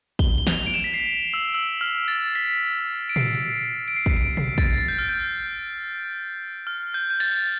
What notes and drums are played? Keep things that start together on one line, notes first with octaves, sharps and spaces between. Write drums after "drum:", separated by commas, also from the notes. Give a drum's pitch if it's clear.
G7, drum: kick
G7
F7, drum: snare
D7
E7
B6
C7
E6
E6
F6
A6
B6
D7
C7, drum: tom
D7
C7
drum: kick
D7
C7, drum: tom
A6, drum: kick
A6
G6
F6
G6
F6
G6
G6
A6, drum: cymbal